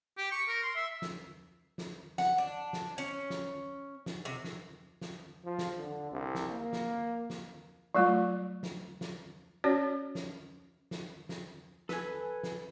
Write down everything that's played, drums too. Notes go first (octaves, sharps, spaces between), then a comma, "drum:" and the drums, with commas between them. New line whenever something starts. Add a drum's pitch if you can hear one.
G4
C#6
A#4
C6
E5
drum: snare
drum: snare
F#5, drum: snare
D4
drum: snare
C#4
drum: snare
drum: snare
C3
drum: snare
drum: snare
F3
drum: snare
D3
C2
drum: snare
A#3
drum: snare
drum: snare
F#3 G3 A3 F4
drum: snare
drum: snare
C#4 F#4 C#5 D5
drum: snare
drum: snare
drum: snare
A4 B4 G#5, drum: snare
drum: snare